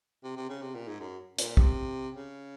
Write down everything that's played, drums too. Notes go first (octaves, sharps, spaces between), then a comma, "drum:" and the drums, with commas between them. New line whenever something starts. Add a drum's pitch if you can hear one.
C3
C3
C#3
C3
A#2
G#2
F#2
A#2, drum: hi-hat
C3, drum: kick
C#3